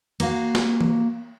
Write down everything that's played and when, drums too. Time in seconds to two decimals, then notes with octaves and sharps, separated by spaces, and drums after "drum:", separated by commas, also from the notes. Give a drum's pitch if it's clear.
0.20 A#3 F#4 F5, drum: cymbal
0.55 drum: snare
0.81 drum: tom E3